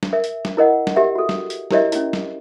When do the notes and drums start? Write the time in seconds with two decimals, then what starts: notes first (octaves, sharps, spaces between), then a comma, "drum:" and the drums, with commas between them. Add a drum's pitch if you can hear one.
0.03 drum: snare
0.13 A#4 E5
0.24 drum: hi-hat
0.45 drum: snare
0.57 E4 A#4 D#5 F#5
0.87 drum: snare
0.96 G4 A#4 E5
1.15 F#4 A4
1.29 drum: snare
1.50 drum: hi-hat
1.71 E4 G4 A#4 C#5 D#5 E5, drum: snare
1.92 C#4 E4, drum: hi-hat
2.13 drum: snare